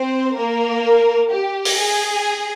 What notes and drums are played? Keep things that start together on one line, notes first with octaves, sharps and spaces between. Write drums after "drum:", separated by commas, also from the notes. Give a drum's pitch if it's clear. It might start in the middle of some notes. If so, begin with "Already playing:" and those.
Already playing: C4 C5
A#3 A#4
G4
drum: open hi-hat
G#4